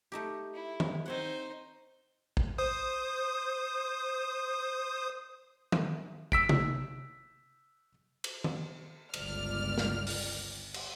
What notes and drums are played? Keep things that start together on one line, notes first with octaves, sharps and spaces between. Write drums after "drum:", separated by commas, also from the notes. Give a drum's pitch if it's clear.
A3 D#4 G4
E4
drum: tom D#3
C4 D#4 C5 C#5 F#5
drum: kick A1
C5 D#6
drum: tom D#3
E6 B6 D7, drum: kick A1
drum: tom C3
drum: cymbal
drum: tom D#3
G1 C#2 D5 F6, drum: cymbal
drum: snare
drum: open hi-hat
drum: cymbal